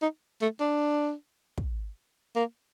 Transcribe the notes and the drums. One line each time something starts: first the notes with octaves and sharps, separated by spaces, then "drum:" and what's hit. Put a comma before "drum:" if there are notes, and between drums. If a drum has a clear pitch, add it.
D#4
A3
D4
drum: kick
A#3